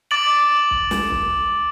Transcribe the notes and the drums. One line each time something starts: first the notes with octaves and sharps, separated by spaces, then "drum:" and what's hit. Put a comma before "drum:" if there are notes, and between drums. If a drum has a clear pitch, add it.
D6 A6 D7 F#7
drum: kick
drum: snare
drum: kick